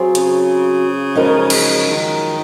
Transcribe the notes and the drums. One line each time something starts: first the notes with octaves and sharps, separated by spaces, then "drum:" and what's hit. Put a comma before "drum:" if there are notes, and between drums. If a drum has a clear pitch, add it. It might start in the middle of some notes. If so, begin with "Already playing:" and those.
Already playing: F#3 C4 F4 G#4
C#3, drum: hi-hat
F#2 F3 G#3 D#4 A#4
drum: cymbal
D#3